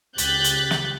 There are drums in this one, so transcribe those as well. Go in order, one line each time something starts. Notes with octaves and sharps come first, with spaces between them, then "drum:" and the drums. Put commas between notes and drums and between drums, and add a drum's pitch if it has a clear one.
C#2 G4 F#6 G6 A6 B6, drum: hi-hat
drum: hi-hat
drum: snare